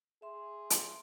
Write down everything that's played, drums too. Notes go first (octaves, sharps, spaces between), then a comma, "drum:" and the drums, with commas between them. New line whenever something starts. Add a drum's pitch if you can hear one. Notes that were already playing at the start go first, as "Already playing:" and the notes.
G#4 E5 C6
drum: hi-hat